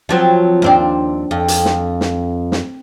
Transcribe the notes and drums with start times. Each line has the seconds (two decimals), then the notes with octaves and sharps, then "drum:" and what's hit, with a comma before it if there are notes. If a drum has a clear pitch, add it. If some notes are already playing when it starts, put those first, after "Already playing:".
0.09 F3 F#3 C4
0.62 D#2 C4 D4
1.31 F2
1.48 drum: hi-hat
1.65 drum: snare
2.01 drum: snare
2.52 drum: snare